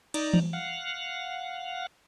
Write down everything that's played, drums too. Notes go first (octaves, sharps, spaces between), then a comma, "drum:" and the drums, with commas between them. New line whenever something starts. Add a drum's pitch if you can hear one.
D#4 D5 A#5, drum: cymbal
drum: tom E3
F5 F#5